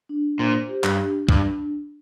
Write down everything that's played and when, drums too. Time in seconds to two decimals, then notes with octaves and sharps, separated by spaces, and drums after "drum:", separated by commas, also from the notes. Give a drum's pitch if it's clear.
0.09 D4
0.39 A#2 C5
0.69 G4
0.84 G2, drum: clap
0.99 D4
1.29 G2 D4, drum: kick